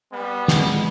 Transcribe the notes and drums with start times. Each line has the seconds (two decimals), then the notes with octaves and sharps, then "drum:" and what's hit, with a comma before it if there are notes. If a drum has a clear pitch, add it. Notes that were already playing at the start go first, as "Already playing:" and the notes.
0.12 G3 B3
0.48 G#3, drum: snare